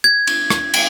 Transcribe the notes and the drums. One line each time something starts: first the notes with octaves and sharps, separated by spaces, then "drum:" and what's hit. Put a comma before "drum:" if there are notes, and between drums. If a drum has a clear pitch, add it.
G#6
drum: cymbal
drum: rim click
drum: cymbal